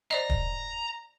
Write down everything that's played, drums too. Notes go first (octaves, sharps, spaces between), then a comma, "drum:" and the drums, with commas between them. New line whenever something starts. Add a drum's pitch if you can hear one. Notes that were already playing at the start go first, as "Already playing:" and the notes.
C5 D5 D#5 A#5
drum: kick